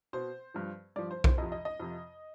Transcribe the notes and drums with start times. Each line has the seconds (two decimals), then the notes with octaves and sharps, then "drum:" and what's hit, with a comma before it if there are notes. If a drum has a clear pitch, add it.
0.13 B2 C5
0.54 G2 F3
0.96 G2 F3 D5
1.11 C5
1.24 C5, drum: kick B1
1.38 F2 C3 F3 D#5
1.52 D#5
1.65 D#5
1.80 F2 C3 F3